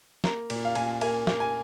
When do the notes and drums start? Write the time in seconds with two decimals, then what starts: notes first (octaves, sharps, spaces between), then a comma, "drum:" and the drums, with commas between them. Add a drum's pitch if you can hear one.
0.24 A#3 A#5, drum: snare
0.50 A#2, drum: cymbal
0.65 F5
0.75 A#2 G#5, drum: cymbal
1.01 A#3 G#5, drum: cymbal
1.27 A#3, drum: snare
1.40 G#5